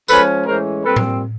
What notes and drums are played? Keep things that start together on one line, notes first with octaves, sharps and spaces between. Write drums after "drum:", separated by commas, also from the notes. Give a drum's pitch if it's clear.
F3 G#3 C#4 A4 B4, drum: tambourine
A2 E3 G#3 C#4 A#4 C5
A#2 G3 C4 A4 B4
drum: tom A2